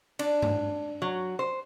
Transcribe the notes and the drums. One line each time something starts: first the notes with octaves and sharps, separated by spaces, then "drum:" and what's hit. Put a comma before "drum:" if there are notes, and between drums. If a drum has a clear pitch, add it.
D4, drum: cymbal
drum: tom G2
F#3
C5